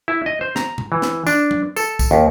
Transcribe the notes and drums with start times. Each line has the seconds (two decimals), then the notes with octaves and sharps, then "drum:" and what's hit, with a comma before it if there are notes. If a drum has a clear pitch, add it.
0.08 E4
0.26 D#5
0.41 C5
0.56 A#5, drum: snare
0.78 drum: tom B2
0.92 E3
1.02 drum: snare
1.27 D4, drum: tambourine
1.51 drum: tom F#3
1.76 A4, drum: tambourine
1.99 drum: kick, tambourine
2.11 D#2